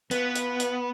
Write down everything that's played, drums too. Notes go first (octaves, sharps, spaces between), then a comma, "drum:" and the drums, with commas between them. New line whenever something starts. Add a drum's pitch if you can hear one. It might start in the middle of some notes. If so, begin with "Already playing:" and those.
B2 B3 F4 B4, drum: hi-hat
drum: hi-hat
drum: hi-hat